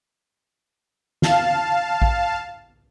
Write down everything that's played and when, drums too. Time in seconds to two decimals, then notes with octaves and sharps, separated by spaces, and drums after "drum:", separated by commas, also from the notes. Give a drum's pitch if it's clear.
1.22 F5 A5, drum: snare
2.02 drum: kick A1